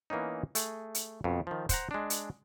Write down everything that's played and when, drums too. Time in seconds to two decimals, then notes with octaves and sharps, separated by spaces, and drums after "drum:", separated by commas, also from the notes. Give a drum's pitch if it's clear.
0.10 E3 A#3 B3 C#4 D#4
0.55 A3 G#4, drum: hi-hat
0.95 drum: hi-hat
1.24 F2 B2
1.47 D#3 F3
1.69 C5 F#5 A#5, drum: kick, hi-hat
1.91 G#3 D4
2.10 drum: hi-hat